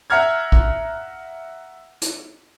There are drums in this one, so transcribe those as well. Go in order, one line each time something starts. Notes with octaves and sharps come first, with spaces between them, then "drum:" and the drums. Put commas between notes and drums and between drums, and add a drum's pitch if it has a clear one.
E5 F#5 A#5 F6 G#6
drum: kick A#1
drum: hi-hat